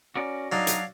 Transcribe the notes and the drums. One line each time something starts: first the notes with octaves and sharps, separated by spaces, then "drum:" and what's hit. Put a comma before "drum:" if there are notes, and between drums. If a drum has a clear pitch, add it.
C#4 F#4 A#4 D5
F#3 D4 D#4 D#5 F5
drum: hi-hat